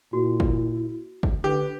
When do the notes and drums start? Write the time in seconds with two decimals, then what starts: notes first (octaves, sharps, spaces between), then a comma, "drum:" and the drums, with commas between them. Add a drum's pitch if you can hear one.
0.13 A#2 E4 F#4
0.40 drum: kick
1.23 drum: kick
1.44 D3 G4 B4